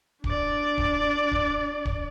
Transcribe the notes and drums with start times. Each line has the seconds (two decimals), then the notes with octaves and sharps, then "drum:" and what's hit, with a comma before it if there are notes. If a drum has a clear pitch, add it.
0.24 D4 D5, drum: kick D1
0.78 drum: kick D1
1.32 drum: kick D1
1.85 drum: kick D1